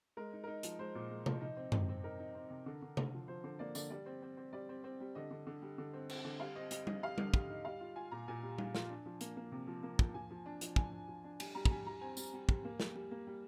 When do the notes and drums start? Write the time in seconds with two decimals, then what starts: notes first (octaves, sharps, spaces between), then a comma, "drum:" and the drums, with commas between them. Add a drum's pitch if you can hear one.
0.17 G#3 A#4
0.33 D#4
0.44 D#4 A#4
0.63 F3, drum: hi-hat
0.79 G#3 C5
0.95 A#2
1.10 G#3
1.26 F3, drum: tom C3
1.41 D#4
1.57 C4
1.72 C3, drum: tom F#2
1.89 C4
2.03 D#4 A#4
2.19 D#4
2.35 C4
2.50 C3
2.66 D3
2.82 D3
2.97 D3, drum: tom C3
3.13 F3
3.28 F3 C5
3.44 D3 C5
3.59 A#3 D5
3.75 D3 D5, drum: tambourine
3.90 G3 D5
4.06 C4
4.22 C4
4.37 C4
4.53 G3 D5
4.69 C4
4.84 C4
5.00 G3
5.15 D3 D#5
5.31 D3
5.47 D3
5.62 G3
5.78 D3
5.94 C4
6.10 C4, drum: cymbal
6.25 D3
6.40 G3 F5
6.55 C4 D#5
6.71 G3 D#5, drum: hi-hat
6.87 G3 D#5, drum: tom G3
7.02 G3 F5
7.18 D3, drum: tom G3
7.34 G3, drum: kick
7.50 D#4
7.65 G3 F5
7.80 F4
7.96 F4 G#5
8.11 A#2 A#5
8.28 A#2 G#5
8.42 G3
8.58 F4, drum: tom G3
8.75 F4, drum: snare
8.90 D4
9.06 F3
9.21 A#3, drum: hi-hat
9.37 A#3
9.52 C3
9.67 F3
9.83 A#3
9.99 F3, drum: kick
10.14 F3 G#5
10.30 F3
10.46 D4
10.61 F3, drum: hi-hat
10.76 D4 G#5, drum: kick
10.93 D4
11.07 F3
11.24 D4
11.40 G3 G#5, drum: cymbal
11.55 G3 A#5
11.65 A#5, drum: kick
11.71 G3 G#5
11.86 G3 A#5
12.01 C4 G#5
12.17 G3, drum: tambourine
12.33 G3
12.49 G3, drum: kick
12.65 A#3
12.80 G3, drum: snare
12.95 G3
13.11 A#3
13.27 G3